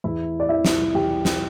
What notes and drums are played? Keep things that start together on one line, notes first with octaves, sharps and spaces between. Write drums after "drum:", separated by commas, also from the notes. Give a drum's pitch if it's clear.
E2 E4 E5
D5
E3 E4 E5
drum: snare
E2 G4
drum: snare